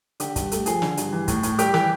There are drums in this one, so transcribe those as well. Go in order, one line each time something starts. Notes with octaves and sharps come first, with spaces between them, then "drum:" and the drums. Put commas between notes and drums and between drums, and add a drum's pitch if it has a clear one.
D3 G4, drum: hi-hat
G2, drum: kick, hi-hat
A3, drum: hi-hat
F3 G#4, drum: hi-hat
D3, drum: snare
G2, drum: hi-hat
E3
A2, drum: kick, hi-hat
A2, drum: hi-hat
G3 G4, drum: hi-hat
E3 G4, drum: snare